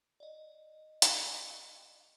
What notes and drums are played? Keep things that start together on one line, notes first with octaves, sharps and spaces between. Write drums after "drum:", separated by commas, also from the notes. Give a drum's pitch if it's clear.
D5 D#5
drum: hi-hat